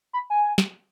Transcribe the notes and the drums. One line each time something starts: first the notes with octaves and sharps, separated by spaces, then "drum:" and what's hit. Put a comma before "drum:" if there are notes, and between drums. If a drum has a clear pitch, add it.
B5
G#5
drum: snare